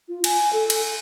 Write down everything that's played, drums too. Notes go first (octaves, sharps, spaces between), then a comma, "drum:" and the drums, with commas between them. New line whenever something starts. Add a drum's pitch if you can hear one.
F4
G#5, drum: cymbal
A4
drum: cymbal